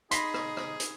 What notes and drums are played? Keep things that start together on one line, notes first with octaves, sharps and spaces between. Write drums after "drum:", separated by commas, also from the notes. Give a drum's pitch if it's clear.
D#4 G#4 B5 C6 A#6 B6, drum: hi-hat
drum: rim click
drum: rim click
drum: hi-hat